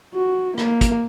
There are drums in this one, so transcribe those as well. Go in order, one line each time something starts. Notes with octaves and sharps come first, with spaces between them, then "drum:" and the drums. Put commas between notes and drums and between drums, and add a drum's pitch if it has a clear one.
F#4
A#3, drum: rim click
drum: kick, hi-hat